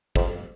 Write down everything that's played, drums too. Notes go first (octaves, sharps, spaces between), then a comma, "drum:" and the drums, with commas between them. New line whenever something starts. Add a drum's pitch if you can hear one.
F2, drum: kick